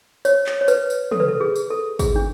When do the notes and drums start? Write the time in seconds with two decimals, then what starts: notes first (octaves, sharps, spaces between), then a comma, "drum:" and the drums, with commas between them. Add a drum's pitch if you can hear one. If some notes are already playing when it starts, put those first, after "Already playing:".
0.25 C#5, drum: tambourine
0.46 drum: clap
0.61 C#5
0.68 B4, drum: tambourine
0.90 drum: tambourine
1.11 A4, drum: tom
1.20 B4
1.28 A4
1.41 G#4
1.56 drum: tambourine
1.70 A4
1.99 G#4, drum: kick, tambourine
2.16 D4